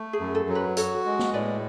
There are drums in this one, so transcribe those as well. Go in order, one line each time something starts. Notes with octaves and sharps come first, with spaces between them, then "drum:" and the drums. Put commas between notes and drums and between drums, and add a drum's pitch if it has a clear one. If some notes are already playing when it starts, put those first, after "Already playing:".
Already playing: A3
G#4
F#2
A4
F#3
B4
F#4 A4 C#5, drum: hi-hat
G#3
drum: snare
A2 B4 D5